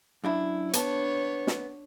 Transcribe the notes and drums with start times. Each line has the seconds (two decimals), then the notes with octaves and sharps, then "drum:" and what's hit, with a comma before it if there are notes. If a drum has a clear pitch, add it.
0.24 F#2 D4 E4
0.73 B3 D4 C#5 A5, drum: hi-hat
1.47 drum: snare